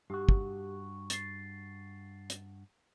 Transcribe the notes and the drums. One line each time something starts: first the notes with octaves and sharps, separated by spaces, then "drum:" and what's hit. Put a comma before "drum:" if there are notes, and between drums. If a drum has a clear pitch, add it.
G2 F#4 G4
drum: kick
A6 C7, drum: hi-hat
drum: hi-hat